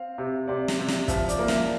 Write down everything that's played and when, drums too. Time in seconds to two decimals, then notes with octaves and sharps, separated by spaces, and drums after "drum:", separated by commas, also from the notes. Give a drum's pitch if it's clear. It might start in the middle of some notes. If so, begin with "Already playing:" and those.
Already playing: C4 F5
0.18 C3
0.48 C3 D5
0.68 drum: snare
0.79 C3
0.88 drum: snare
1.08 F3 E5, drum: kick, hi-hat
1.29 D5, drum: hi-hat
1.39 A#3
1.48 E5, drum: snare